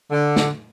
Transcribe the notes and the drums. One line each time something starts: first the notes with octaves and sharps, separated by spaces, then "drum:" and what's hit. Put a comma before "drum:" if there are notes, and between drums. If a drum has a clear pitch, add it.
D3
drum: snare